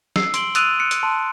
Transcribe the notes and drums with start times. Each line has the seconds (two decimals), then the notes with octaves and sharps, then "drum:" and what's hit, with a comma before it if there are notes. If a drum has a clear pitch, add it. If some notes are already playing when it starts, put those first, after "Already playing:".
0.16 E6 C7, drum: snare
0.34 C6 D7 F#7 G7, drum: hi-hat
0.55 D#6 E6 F#6 A6 D#7 F7, drum: hi-hat
0.79 F#6 C#7 D7
0.91 drum: hi-hat
1.03 A5 C6